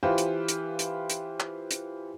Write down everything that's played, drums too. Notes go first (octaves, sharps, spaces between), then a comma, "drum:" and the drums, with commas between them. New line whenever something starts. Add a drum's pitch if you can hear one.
E3 F4 G4 B4 C5
drum: hi-hat
drum: hi-hat
drum: hi-hat
drum: hi-hat
drum: clap
drum: hi-hat